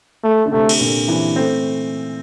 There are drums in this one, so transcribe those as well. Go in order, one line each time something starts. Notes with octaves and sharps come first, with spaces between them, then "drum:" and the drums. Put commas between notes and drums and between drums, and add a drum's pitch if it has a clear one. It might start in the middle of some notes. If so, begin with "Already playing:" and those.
A3
D3
C3 A3
drum: cymbal
A#2 D3
C3 E3
A3 C4